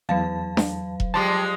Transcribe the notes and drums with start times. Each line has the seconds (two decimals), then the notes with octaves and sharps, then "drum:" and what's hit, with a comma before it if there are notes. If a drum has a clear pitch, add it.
0.09 E2 F#3 F5 A5
0.57 drum: snare D4
1.00 drum: kick E1
1.14 F3 G3 G#3 A5 C6 D6